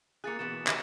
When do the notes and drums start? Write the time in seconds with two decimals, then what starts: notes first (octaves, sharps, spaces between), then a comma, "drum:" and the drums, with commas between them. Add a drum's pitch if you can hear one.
0.24 A#3 F4 G#4 F#6 A6 C#7
0.39 B2 E3 B3 A6 E7
0.67 D#3 G4 G#5, drum: clap